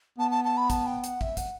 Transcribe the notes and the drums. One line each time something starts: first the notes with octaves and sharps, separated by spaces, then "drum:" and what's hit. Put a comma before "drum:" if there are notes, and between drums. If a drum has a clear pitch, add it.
B3 A5
A5
A5
B5
A5, drum: kick, hi-hat
G5
F#5, drum: hi-hat
E5, drum: kick
F#5, drum: kick, hi-hat